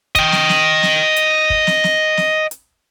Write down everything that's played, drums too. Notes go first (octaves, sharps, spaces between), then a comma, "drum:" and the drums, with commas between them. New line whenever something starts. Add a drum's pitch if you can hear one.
D#5 G5, drum: kick, hi-hat
drum: snare
drum: snare
drum: snare
drum: hi-hat
drum: kick
drum: snare
drum: snare
drum: snare
drum: hi-hat